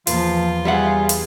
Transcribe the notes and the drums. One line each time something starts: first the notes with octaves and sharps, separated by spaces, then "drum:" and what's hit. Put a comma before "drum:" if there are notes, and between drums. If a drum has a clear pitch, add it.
E2 A#2 F3 F4, drum: hi-hat
G3 G#4 E5 F#5
drum: hi-hat